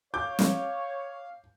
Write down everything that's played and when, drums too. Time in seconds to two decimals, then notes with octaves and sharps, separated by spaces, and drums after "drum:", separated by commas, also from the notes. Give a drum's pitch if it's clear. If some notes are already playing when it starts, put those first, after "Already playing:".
0.14 C#5 F5 D6 G6
0.39 drum: snare